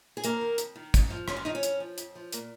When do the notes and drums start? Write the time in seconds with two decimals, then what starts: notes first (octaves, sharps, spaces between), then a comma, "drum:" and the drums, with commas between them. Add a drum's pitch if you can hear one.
0.17 G#4
0.24 F2 A#3 A#4, drum: hi-hat
0.41 D#3
0.58 F2, drum: hi-hat
0.76 D#3
0.94 G#2, drum: kick, hi-hat
1.10 F3
1.28 G#2 C#4, drum: rim click
1.36 A#3
1.45 D#3 F3 D#4
1.55 C#4
1.63 F2, drum: hi-hat
1.80 F3
1.98 F2, drum: hi-hat
2.15 F3
2.32 A#2 A#3, drum: hi-hat